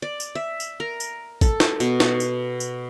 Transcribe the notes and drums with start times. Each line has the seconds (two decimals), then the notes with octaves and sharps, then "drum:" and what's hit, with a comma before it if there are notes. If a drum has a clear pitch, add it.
0.02 D5
0.20 drum: tambourine
0.35 E5
0.60 drum: tambourine
0.80 A#4
1.00 drum: tambourine
1.41 A4, drum: kick, tambourine
1.60 drum: snare
1.80 B2, drum: tambourine
2.00 drum: snare
2.20 drum: tambourine
2.60 drum: tambourine